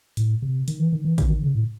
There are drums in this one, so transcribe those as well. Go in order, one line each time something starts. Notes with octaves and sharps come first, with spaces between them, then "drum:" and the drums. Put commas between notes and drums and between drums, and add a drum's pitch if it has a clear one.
A2, drum: hi-hat
C3
D#3, drum: hi-hat
E3
D#3
E3
D#3, drum: kick, hi-hat
D#3
C#3
A2